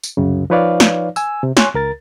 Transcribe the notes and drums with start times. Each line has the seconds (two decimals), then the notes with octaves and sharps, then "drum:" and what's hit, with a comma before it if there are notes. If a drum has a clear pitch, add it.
0.03 drum: tambourine
0.17 C2 F#2 C#3
0.50 F3 D#4 B4 C#5 D5 F5
0.80 drum: snare
1.16 G#5 E6, drum: tambourine
1.43 C3
1.57 C#5 G#5 C6 C#6 F#6, drum: snare
1.74 C#2 A#4 A6